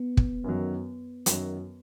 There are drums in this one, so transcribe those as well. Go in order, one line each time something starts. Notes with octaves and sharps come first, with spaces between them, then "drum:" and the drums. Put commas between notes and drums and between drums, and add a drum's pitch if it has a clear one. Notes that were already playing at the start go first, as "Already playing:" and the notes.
Already playing: B3
drum: kick
F#2 D#3 F#3
F#2 D#3 F#3, drum: hi-hat